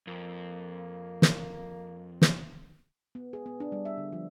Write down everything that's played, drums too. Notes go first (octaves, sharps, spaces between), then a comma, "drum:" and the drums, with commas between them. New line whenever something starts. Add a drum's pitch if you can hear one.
F2 A#3
drum: snare
drum: snare
B3
G#4
B3
D4
G3
E5
D3
F3